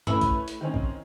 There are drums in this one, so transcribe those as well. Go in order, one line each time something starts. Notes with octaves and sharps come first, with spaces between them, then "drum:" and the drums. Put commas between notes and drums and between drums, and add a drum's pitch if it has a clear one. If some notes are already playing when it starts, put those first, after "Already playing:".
A3 C#4 E4 B4, drum: tom G2
drum: kick A#1, hi-hat
drum: hi-hat
D#3 C4 C#4
drum: kick A#1